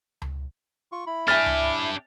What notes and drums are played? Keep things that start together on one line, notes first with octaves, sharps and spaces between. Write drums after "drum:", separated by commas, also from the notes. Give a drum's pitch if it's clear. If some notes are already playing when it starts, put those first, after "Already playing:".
drum: tom C#2
F4 C#6
E4 B5
D4 G4 C#5 E5 G#5 F6 A6
drum: tom C#2